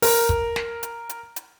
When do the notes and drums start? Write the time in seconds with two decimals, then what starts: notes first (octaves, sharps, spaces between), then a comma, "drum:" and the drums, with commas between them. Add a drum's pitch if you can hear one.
0.02 A#4, drum: open hi-hat
0.29 drum: kick
0.56 drum: snare
0.83 drum: hi-hat
1.09 drum: hi-hat
1.36 drum: hi-hat